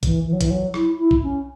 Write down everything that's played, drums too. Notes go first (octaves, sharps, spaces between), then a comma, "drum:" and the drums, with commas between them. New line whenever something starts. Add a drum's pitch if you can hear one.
E3, drum: kick, hi-hat
E3
F#3
E3, drum: kick, hi-hat
F#3
E4, drum: rim click
E4
drum: kick
C#4